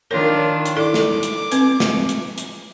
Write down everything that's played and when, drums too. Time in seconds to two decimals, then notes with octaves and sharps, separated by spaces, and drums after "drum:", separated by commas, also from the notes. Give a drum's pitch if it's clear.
0.11 D#3 D4 F4 A#4 C#5
0.66 drum: hi-hat
0.76 E4 A4 D5 D6
0.94 drum: snare
1.23 drum: hi-hat
1.52 C4 B4, drum: hi-hat
1.80 drum: snare
2.09 drum: hi-hat
2.38 drum: hi-hat